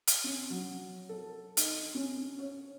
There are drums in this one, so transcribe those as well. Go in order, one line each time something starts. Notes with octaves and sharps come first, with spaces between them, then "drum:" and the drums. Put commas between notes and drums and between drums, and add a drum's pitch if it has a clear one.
drum: hi-hat
C#4
F#3
A4
D#4, drum: hi-hat
C#4
C#5